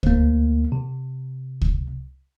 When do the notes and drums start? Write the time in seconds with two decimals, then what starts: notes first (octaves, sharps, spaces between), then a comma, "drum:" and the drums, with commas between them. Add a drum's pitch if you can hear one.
0.03 D2 A#3, drum: kick C#2
0.72 C3
1.61 drum: kick C#2